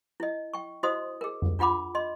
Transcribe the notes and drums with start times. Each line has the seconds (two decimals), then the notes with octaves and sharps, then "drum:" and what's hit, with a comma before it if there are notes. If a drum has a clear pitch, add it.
0.20 E4 D#5
0.53 G5 C#6
0.83 E4 F#4 C5 D#5 C6 D#6
1.21 G#4 A#4
1.42 drum: tom F2
1.59 D4 F4 F#5 B5 D6
1.95 D#5 C6